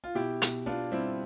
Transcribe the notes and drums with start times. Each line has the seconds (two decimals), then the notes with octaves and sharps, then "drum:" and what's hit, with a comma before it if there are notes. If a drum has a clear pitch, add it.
0.04 F4
0.15 B2 E4 G4
0.42 B2, drum: hi-hat
0.66 B3 D4 F4
0.92 G3 C4 E4